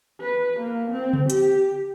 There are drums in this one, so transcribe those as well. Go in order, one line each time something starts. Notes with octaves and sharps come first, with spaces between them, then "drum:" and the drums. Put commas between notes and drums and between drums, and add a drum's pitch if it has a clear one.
B4
A#3
C4
drum: tom C#3
G4, drum: hi-hat